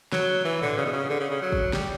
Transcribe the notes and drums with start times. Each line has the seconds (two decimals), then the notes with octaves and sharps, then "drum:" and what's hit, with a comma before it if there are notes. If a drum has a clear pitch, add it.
0.12 F#3, drum: snare
0.45 E3
0.62 D3, drum: tom G#2
0.77 C#3
0.85 B2
0.93 C#3
1.09 D3
1.20 C#3
1.31 C#3
1.42 F#3
1.52 drum: kick
1.73 G3, drum: snare